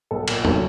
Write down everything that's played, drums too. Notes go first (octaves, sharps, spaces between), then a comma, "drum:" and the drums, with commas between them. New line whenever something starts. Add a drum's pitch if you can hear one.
B1 A4
A#2, drum: cymbal
F#3 A4, drum: tom